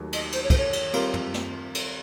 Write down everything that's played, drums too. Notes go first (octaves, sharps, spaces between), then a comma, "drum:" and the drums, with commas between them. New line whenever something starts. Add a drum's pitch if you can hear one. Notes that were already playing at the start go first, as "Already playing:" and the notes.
Already playing: D#2 F#3 A3
D#5, drum: cymbal
C5, drum: cymbal
C#5
C5, drum: kick, cymbal
C#5
drum: cymbal
G3 C4 F4 A#4, drum: cymbal
drum: tom
drum: snare
drum: cymbal